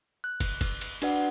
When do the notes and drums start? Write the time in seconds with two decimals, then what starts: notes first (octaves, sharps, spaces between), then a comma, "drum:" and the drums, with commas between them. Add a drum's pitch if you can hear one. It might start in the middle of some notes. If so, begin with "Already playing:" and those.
0.24 F#6
0.40 drum: kick, cymbal
0.61 drum: kick, cymbal
0.81 drum: cymbal
1.02 D4 F#4 B4 D5 F#5, drum: cymbal